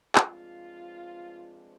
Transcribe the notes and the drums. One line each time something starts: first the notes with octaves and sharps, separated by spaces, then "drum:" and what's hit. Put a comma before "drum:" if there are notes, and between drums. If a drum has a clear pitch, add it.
G2 F3 G#3 C4 F4, drum: clap